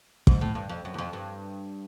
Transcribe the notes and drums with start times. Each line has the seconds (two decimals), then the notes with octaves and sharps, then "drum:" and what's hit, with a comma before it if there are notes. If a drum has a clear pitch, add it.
0.27 G#2, drum: kick
0.41 A2
0.55 G2
0.69 F2
0.85 F#2
0.94 E2
0.98 F2
1.13 G2